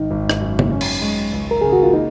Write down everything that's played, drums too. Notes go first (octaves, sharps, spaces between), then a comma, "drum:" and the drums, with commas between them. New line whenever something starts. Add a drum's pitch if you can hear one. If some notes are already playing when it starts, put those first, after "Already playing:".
Already playing: G#1 D#3 D#4
G#1
drum: rim click
F#2
drum: tom
C#4
drum: cymbal
G#3
C#2
A#4
C#3 G#4
F#4
F4
A#3 D#4